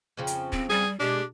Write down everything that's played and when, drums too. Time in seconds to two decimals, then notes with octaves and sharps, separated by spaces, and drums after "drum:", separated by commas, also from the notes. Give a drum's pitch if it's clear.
0.17 F2 C#3 F3
0.27 drum: hi-hat
0.53 C4, drum: kick
0.70 G3 G#4
1.00 B2 G#3 D4 G4